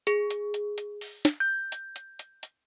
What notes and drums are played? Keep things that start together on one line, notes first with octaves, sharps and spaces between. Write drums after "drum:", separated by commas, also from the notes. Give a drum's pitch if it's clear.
G#4, drum: hi-hat
drum: hi-hat
drum: hi-hat
drum: hi-hat
drum: open hi-hat
drum: snare
G6
drum: hi-hat
drum: hi-hat
drum: hi-hat
drum: hi-hat